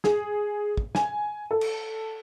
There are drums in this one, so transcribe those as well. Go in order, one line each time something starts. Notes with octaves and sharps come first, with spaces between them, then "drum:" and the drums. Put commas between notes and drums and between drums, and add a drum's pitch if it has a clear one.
G#4, drum: snare
drum: kick
G#5, drum: snare
A4
drum: cymbal